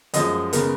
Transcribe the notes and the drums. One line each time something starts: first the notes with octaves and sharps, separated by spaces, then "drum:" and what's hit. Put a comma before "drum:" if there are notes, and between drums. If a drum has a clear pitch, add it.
F#2 F3 G#3 D#5, drum: hi-hat
C#3 G#3 B3 A#4, drum: hi-hat